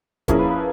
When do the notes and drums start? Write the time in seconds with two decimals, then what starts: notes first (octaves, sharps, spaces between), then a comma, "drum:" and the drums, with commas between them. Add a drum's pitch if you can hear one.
0.28 F3 A#3 C#4 E4 G#4 A#4, drum: kick, hi-hat
0.39 B4
0.50 B4